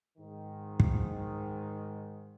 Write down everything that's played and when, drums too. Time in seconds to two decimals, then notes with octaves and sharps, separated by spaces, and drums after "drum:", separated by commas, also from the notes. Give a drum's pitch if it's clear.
0.18 G#2 D#3
0.80 drum: kick